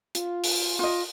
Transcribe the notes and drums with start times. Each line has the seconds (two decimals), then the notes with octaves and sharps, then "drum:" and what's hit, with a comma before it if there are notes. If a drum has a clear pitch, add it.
0.15 F4, drum: hi-hat
0.44 drum: open hi-hat
0.79 F4 D#5